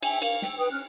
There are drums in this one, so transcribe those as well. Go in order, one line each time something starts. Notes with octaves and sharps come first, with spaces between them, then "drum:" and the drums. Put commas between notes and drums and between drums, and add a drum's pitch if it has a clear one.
E5 G5 G#5 E6, drum: cymbal
A#4 F5, drum: cymbal
G5 E6, drum: snare
B4 G5 D#6
C#4 F6 F#6